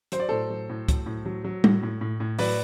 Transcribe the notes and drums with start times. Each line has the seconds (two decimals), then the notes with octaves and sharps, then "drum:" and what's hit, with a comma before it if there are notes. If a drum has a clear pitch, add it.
0.12 F#3 C5, drum: hi-hat
0.20 D5
0.29 A2 A4 C5
0.50 F#3
0.69 A2
0.89 F#3, drum: kick, hi-hat
1.06 A2
1.26 F#3
1.44 F#3
1.64 A2, drum: tom G3
1.83 A2
2.01 A2
2.20 A2
2.39 F#3 B4 D5, drum: open hi-hat